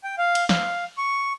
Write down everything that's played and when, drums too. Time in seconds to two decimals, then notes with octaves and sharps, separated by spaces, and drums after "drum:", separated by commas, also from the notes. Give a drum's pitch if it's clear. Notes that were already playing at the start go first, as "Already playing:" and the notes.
0.04 G5
0.18 F5
0.35 drum: cymbal
0.49 F5, drum: snare
0.98 C#6